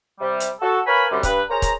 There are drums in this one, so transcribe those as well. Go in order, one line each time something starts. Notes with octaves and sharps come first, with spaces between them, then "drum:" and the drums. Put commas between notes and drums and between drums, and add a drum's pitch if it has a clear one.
C3 G3
drum: hi-hat
F#4 A4
A#4 B4 C#5 F5 G#5 B5
C2 F#2 D3 G3
G2 G3 B4, drum: kick, hi-hat
G#4 A#4 C5 C#5 A#5
drum: kick, hi-hat